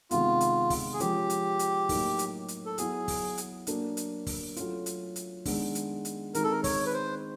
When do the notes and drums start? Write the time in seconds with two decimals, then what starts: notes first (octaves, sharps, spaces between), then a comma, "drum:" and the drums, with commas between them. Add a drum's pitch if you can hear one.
0.11 C3 D#3 G#3 B3 F4, drum: hi-hat
0.41 drum: hi-hat
0.70 drum: kick, open hi-hat
0.94 G#4
1.00 F3 G#3 C#4 F4 G4, drum: hi-hat
1.30 drum: hi-hat
1.59 drum: hi-hat
1.89 A2 F#3 A#3 D#4, drum: kick, open hi-hat
2.19 drum: hi-hat
2.48 drum: hi-hat
2.66 A4
2.78 F#3 B3 E4 G#4, drum: hi-hat
3.08 drum: kick, open hi-hat
3.37 drum: hi-hat
3.67 F#3 A#3 D4 F#4, drum: hi-hat
3.97 drum: hi-hat
4.27 drum: kick, open hi-hat
4.56 F#3 A3 C#4 F4, drum: hi-hat
4.86 drum: hi-hat
5.16 drum: hi-hat
5.45 D#3 G#3 B3 D4, drum: kick, open hi-hat
5.75 drum: hi-hat
6.05 drum: hi-hat
6.34 D#3 G#3 C4 D#4 F#4 A#4, drum: hi-hat
6.44 A4
6.52 A#4
6.64 C#5, drum: kick, open hi-hat
6.86 B4
6.94 C5